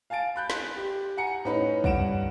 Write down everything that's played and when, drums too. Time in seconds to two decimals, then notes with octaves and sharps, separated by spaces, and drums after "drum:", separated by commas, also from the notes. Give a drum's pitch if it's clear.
0.10 F5 G#5 A5 A6 D7
0.36 B5 F#6 G6
0.50 drum: snare
0.76 G4
1.17 F#5 G#5 A#5 C#7
1.45 A2 C#4 D#4 B4 B5
1.84 G2 F#5 D7 E7, drum: kick